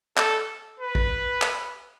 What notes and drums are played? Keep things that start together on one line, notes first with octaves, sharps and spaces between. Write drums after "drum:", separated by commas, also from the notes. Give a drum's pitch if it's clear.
A4, drum: clap
B4
drum: kick
drum: clap